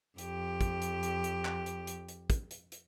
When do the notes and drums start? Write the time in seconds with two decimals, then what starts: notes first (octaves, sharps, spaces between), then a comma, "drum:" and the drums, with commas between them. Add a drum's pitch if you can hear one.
0.18 F2 G4, drum: hi-hat
0.61 drum: kick, hi-hat
0.82 drum: hi-hat
1.03 drum: hi-hat
1.24 drum: hi-hat
1.45 drum: clap
1.66 drum: hi-hat
1.87 drum: hi-hat
2.09 drum: hi-hat
2.30 drum: kick, hi-hat
2.51 drum: hi-hat
2.72 drum: hi-hat